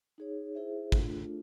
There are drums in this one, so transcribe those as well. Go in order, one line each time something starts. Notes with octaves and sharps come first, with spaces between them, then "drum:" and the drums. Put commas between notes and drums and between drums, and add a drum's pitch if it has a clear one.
D#4 G#4 C#5
E4 G#4 C5 E5
A3 D4 F4 A4, drum: kick G#1